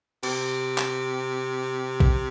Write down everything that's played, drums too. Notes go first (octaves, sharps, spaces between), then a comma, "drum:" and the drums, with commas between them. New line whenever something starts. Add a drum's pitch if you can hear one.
C3, drum: cymbal
drum: clap
drum: kick A#1